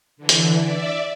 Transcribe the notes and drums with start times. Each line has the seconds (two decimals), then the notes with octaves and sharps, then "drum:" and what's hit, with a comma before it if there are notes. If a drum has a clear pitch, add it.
0.17 D3 E3
0.29 drum: hi-hat
0.58 D5 E5